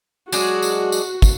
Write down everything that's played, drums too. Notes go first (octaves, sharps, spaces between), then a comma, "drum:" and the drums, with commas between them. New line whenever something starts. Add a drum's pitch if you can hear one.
F#3 G#3 D4 F#4, drum: tambourine
drum: tambourine
drum: tambourine
drum: kick, tambourine